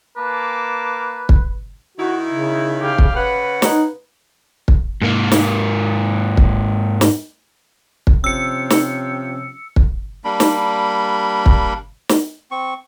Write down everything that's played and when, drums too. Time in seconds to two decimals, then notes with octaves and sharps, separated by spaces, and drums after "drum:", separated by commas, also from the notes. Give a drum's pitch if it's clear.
0.17 A#3 B4 A5 D6
1.29 drum: kick
1.98 D#3 D#4 E4 F#4
2.30 C#3
2.81 G4 F5
2.99 drum: kick
3.16 C#3 B4 F#5
3.62 D#4, drum: snare
4.68 drum: kick
5.02 G#2 A#3
5.32 drum: snare
6.37 drum: kick
7.01 drum: snare
8.07 drum: kick
8.24 C3 F3 C#4 E6 C#7
8.70 drum: snare
9.76 drum: kick
10.24 G3 A#3 D4 B5
10.40 drum: snare
11.46 drum: kick
12.09 drum: snare
12.51 C4 C#6